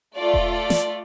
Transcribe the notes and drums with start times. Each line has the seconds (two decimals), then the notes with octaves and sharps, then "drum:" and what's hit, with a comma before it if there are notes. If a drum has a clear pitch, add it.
0.16 A3 F4 A4 D5
0.34 drum: kick E1
0.52 D5
0.70 drum: snare